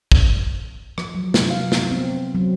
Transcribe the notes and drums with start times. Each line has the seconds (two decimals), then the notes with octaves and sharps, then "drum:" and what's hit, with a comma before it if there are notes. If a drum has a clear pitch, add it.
0.12 drum: kick
0.98 F3, drum: rim click
1.15 F#3
1.34 C3, drum: snare
1.50 F5
1.72 B3, drum: snare
1.91 C4
2.35 F#3